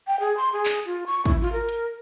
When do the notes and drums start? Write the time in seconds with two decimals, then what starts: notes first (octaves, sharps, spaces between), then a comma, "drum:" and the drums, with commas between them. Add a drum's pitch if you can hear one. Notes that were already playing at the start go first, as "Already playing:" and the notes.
0.07 G5
0.20 G#4
0.37 C6
0.53 G#4
0.65 drum: clap
0.86 F4
1.07 C#6
1.26 E4, drum: kick, hi-hat
1.41 F4
1.52 A#4
1.69 drum: hi-hat